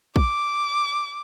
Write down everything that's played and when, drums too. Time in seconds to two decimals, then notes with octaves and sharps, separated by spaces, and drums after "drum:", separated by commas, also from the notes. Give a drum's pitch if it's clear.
0.16 D6, drum: kick A#1